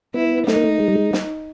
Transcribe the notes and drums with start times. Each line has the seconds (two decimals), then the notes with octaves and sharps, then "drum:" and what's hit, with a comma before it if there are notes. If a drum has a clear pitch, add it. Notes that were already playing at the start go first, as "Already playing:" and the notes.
0.14 B3 E4
0.47 A3 D#4, drum: snare
0.56 A#3
0.64 A3
0.80 G#3
0.88 G3
0.95 G#3
1.13 drum: snare